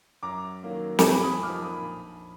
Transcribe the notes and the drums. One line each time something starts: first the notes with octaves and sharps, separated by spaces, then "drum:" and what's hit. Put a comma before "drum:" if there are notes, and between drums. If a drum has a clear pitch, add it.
F#2 A#5 D6
D#3 F#3 A#3
D6, drum: snare
F2 G#5 B5
B5 D#6
F3 A#3 D#4 D6 F6
B5 D#6
A#1